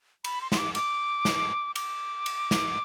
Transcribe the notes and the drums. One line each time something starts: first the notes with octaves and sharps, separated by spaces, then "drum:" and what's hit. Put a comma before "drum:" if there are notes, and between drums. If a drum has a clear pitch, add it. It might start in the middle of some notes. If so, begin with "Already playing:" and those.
B5, drum: cymbal
C6
C6, drum: snare
D6
D6, drum: cymbal
drum: snare
D6, drum: cymbal
drum: cymbal
drum: snare